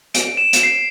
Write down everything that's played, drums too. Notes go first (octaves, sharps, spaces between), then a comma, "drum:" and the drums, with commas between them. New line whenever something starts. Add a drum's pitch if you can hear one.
D7, drum: hi-hat
E7
drum: hi-hat
C7